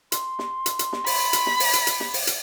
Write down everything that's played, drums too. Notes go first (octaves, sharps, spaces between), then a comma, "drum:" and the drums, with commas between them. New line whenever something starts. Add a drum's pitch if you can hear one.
C6, drum: hi-hat
drum: snare
drum: hi-hat
drum: hi-hat
drum: snare
B5, drum: open hi-hat
drum: hi-hat
drum: snare
drum: open hi-hat
drum: hi-hat
drum: hi-hat
drum: snare
drum: open hi-hat
drum: hi-hat